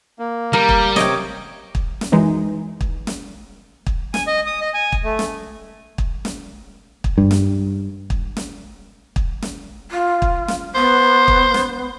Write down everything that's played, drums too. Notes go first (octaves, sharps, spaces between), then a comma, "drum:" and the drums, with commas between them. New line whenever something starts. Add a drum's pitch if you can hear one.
A#3
G3 A#4
drum: kick
C3 C#5 D#5 G5 D6, drum: snare
drum: kick
drum: snare
F#2 E3 G#3 D#4
drum: kick
drum: snare
drum: kick
G#5, drum: snare
D#5
D#6
D#5
G#5
drum: kick
A3
drum: snare
drum: kick
drum: snare
drum: kick
G2
drum: snare
drum: kick
drum: snare
drum: kick
drum: snare
F4
drum: kick
drum: snare
B3 C5
drum: kick
drum: snare